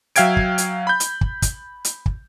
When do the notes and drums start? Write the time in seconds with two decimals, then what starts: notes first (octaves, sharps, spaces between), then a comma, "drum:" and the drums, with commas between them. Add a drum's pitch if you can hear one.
0.16 F#3 E5 F5 G5 G#6 D7, drum: hi-hat
0.37 drum: kick
0.58 drum: hi-hat
0.87 B5 G6
1.00 drum: hi-hat
1.21 drum: kick
1.42 drum: kick, hi-hat
1.85 drum: hi-hat
2.06 drum: kick